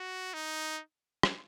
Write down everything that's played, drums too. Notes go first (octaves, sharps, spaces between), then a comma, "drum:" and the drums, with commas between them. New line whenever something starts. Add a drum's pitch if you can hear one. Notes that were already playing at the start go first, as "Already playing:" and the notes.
Already playing: F#4
D#4
drum: rim click